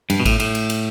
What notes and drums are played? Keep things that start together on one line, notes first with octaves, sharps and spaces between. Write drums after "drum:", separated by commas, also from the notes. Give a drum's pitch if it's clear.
G2, drum: cymbal
B2
A2, drum: kick, cymbal
A2, drum: cymbal
drum: cymbal
drum: cymbal